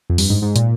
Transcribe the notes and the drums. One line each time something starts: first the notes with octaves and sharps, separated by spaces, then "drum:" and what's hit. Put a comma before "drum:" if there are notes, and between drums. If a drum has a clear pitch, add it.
F2
G2, drum: open hi-hat
G#2
G#2
A#2, drum: hi-hat